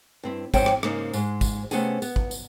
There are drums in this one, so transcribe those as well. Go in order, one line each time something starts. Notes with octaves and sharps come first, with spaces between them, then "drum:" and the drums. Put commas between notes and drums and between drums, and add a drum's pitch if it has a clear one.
G2 C4 E4
G#2 F3 C4 C5 C#5 G5, drum: kick, tambourine
drum: rim click
G#2 C#3 A#3 D#4, drum: rim click
G#2 G#3, drum: tambourine
drum: kick, tambourine
C3 A3 B3 C#4 G#4 G#5, drum: tambourine
B3, drum: tambourine
drum: kick
drum: tambourine